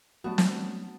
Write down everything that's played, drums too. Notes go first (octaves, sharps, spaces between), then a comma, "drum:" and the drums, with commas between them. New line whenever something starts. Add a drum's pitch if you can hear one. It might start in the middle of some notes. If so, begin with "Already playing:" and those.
F#3 G3 A3 B3 D4 F#4
drum: snare